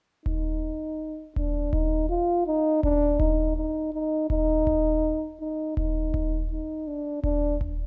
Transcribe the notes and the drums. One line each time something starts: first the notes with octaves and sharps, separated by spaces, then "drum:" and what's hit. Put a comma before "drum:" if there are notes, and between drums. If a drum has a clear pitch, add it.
D#4, drum: kick D#1
D4, drum: kick D#1
D#4, drum: kick D#1
F4
D#4
D4, drum: kick D#1
D#4, drum: kick D#1
D#4
D#4
D#4, drum: kick D#1
drum: kick D#1
D#4
D#4, drum: kick D#1
drum: kick D#1
D#4
D4
D4, drum: kick D#1
drum: kick D#1